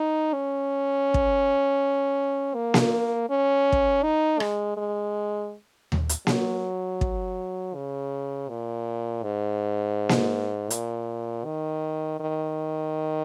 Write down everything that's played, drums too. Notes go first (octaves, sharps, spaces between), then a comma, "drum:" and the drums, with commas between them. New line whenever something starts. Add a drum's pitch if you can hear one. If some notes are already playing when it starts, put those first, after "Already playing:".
Already playing: D#4
C#4
drum: kick
A#3
drum: snare A#3
C#4
drum: kick
D#4
G#3, drum: rim click
G#3
drum: tom D#2
drum: hi-hat
F#3, drum: snare A#3
drum: kick
C#3
A#2
G#2
drum: snare A#3
A#2, drum: hi-hat
D#3
D#3